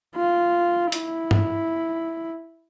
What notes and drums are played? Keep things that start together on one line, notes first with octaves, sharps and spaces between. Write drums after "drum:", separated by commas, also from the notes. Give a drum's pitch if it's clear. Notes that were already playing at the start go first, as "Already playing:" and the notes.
F4
E4, drum: hi-hat
drum: tom G2